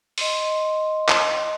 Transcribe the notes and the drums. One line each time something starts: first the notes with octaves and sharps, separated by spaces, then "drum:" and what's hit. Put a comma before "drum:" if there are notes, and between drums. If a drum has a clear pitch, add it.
D#5 C6, drum: open hi-hat
drum: clap